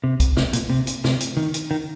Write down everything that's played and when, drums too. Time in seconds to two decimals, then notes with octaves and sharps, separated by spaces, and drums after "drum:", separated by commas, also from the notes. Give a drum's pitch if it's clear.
0.04 C3
0.20 drum: kick, hi-hat
0.37 C3, drum: snare
0.53 A#2, drum: hi-hat
0.70 C3
0.87 drum: hi-hat
1.04 C3, drum: snare
1.20 drum: hi-hat
1.37 D#3
1.54 drum: hi-hat
1.71 D#3